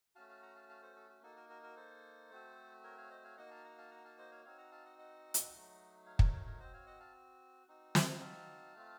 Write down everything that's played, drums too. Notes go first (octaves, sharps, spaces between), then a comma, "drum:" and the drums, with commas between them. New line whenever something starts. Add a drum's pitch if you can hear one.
A3 C#4 F#4 F5 A5
F5 A5
F#5 A#5
F5 A5
F5 A5
A4 C5
A4
F#4
A#3 D#4 F#4 A4
F#4 A#4
F#4 A#4
F#4 A#4
A4 C5
A3 C4 F#4
A#4 C#5
C#5 F5
C5 D#5
C#5 F5
A#3 D#4 F#4 D#5 F#5
F5 A5
F#5 A#5
F5 A5
F#5 A#5
F5 A5
C5 D#5
C#5 F5
C4 D#4 F#4 C#5 F5
F#5 A#5
F5 A5
D#5 F#5
D#5 F#5
drum: hi-hat
F#3 A3 D#4
C#5 F5
A#4 C#5, drum: kick
A#4 C#5
A#4 C#5
C4 F#4 C5 D#5
C#5 F5
D#5 F#5
F5 A5
C4 D#4 F#4
drum: snare
F5 A5
A3 C4 F4